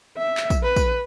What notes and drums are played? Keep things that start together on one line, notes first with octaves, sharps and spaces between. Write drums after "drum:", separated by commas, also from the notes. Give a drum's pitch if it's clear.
E5
drum: clap
drum: kick, tambourine
B4
drum: kick, tambourine